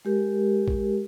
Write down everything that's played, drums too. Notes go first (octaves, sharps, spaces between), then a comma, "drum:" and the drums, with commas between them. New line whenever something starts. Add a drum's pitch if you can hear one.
G#3 G4 A#4
drum: kick A1